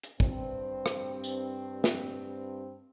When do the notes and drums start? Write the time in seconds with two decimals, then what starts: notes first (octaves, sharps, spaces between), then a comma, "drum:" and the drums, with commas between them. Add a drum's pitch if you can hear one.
0.03 drum: hi-hat
0.20 G2 C4, drum: kick
0.86 drum: rim click
1.24 drum: tambourine
1.84 drum: snare